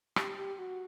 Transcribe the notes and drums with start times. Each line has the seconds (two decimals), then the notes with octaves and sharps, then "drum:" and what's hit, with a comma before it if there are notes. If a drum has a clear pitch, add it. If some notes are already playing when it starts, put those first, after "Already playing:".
0.16 G4, drum: rim click
0.38 G4
0.58 F#4